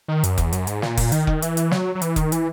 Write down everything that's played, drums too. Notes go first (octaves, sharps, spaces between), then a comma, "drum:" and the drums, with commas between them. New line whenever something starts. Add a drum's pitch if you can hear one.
D#3
F#2, drum: hi-hat
E2, drum: kick F1, hi-hat
F#2, drum: hi-hat
G#2, drum: hi-hat
A#2, drum: snare
drum: kick F1, open hi-hat
D#3, drum: hi-hat
drum: kick F1
E3, drum: hi-hat
drum: hi-hat
F#3, drum: snare
F#3
E3, drum: hi-hat
D#3, drum: kick F1, hi-hat
E3, drum: hi-hat